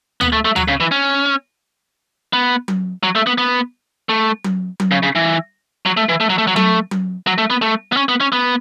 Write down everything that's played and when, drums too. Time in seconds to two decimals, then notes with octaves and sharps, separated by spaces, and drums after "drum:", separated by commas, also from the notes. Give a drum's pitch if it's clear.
0.21 B3, drum: tom D2
0.33 A3
0.45 A3
0.56 F#3, drum: tom D2
0.68 C#3
0.80 E3
0.91 C#4
2.33 B3
2.68 drum: tom F#3
3.03 F#3
3.15 A3
3.27 B3
3.38 B3
4.09 A3
4.44 drum: tom F#3
4.80 drum: tom F#3
4.91 C#3
5.03 C#3
5.15 E3
5.86 F#3
5.97 A3
6.09 E3
6.20 A3
6.30 F#3
6.38 A3
6.47 F#3
6.56 A3, drum: tom F#3
6.91 drum: tom F#3
7.27 F#3
7.38 A3
7.50 B3
7.62 A3
7.92 B3
7.97 C#4
8.09 B3
8.20 C#4
8.32 B3